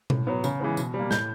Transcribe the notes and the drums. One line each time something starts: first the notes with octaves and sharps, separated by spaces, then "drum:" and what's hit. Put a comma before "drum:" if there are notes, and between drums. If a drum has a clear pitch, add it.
A2, drum: tom B2
F#3 B3
C#3, drum: tambourine
E3 G#3 B3
B2, drum: tambourine
G3
A#3
A2 G6, drum: snare